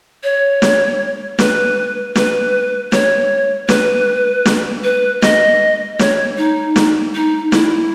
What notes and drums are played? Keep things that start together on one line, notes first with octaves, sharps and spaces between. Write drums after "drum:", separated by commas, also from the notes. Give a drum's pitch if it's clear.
C#5
drum: snare
B4, drum: snare
B4, drum: snare
C#5, drum: snare
B4, drum: snare
drum: snare
B4
D#5, drum: snare
C#5, drum: snare
D#4
drum: snare
D#4
E4, drum: snare